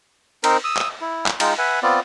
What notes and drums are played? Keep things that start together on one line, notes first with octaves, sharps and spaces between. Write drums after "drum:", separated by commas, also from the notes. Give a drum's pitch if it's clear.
C4 D#4 A#4 C5, drum: cymbal
D#6 E6
drum: clap
E4
drum: clap
G#3 D#4 F4 G5, drum: cymbal
B4 E5 F#5 G#5
B3 C4 F4 D5